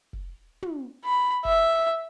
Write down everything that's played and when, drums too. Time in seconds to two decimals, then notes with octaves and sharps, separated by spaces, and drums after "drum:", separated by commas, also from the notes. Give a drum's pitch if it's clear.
0.13 drum: kick
0.62 drum: tom
1.04 B5
1.45 E5, drum: kick